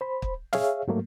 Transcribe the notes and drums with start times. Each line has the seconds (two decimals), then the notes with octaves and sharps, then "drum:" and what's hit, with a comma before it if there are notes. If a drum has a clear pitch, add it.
0.01 C5 B5
0.22 drum: kick
0.53 G#4 C#5 E5 F5, drum: snare
0.88 G#2 F#3 A3 A#3